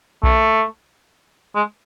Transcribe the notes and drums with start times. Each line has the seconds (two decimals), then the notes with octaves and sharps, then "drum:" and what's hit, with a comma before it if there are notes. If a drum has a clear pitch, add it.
0.23 A3, drum: kick B1
1.55 G#3